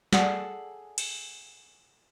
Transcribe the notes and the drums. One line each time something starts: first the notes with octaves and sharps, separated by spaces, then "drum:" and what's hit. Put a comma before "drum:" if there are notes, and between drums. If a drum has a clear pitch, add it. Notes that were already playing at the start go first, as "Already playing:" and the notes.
G#4 A4 D5 F#5 G#5 A5, drum: snare
drum: cymbal